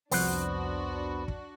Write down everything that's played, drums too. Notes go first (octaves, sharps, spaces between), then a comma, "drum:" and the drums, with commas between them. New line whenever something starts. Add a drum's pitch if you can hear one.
C2 F2 B3 D4 F#4 C5 F#5, drum: open hi-hat
drum: kick